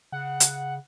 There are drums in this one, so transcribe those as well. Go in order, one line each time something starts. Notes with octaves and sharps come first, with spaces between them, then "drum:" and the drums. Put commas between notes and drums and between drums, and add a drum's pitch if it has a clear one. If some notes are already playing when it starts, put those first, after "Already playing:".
C#3 F#5
drum: hi-hat